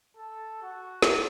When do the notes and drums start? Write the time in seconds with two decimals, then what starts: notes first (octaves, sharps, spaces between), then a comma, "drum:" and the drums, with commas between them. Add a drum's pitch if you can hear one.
0.17 A4
0.62 F#4
1.02 drum: snare